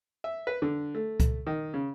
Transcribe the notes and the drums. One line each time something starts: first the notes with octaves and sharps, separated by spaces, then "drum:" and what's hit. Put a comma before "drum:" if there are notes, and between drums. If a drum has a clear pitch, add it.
E5
B4
D3
A3
drum: kick C#2, hi-hat
D#3
C#3